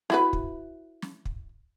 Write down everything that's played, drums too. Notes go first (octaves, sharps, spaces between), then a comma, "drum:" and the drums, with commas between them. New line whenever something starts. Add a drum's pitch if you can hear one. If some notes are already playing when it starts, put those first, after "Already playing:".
E4 F#4 B4, drum: snare
drum: kick
drum: snare
drum: kick